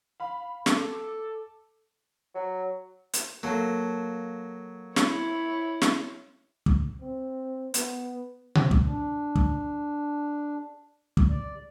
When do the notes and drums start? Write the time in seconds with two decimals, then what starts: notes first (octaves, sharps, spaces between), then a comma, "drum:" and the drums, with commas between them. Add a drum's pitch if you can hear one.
0.20 F5 B5
0.66 A4 D6, drum: snare
2.35 F#3
3.13 drum: hi-hat
3.43 F#3 A#3 A4
4.96 E4 C#5, drum: snare
5.81 drum: snare
6.66 drum: kick
7.02 C4
7.74 B3, drum: hi-hat
8.55 drum: tom B2
8.71 drum: kick
8.86 D4
9.36 drum: kick
11.17 drum: kick
11.30 D5